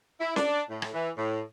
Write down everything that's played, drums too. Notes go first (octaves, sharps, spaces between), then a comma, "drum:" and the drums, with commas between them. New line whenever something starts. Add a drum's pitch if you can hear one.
E4
D4, drum: snare C#4
A2
drum: rim click
E3
A2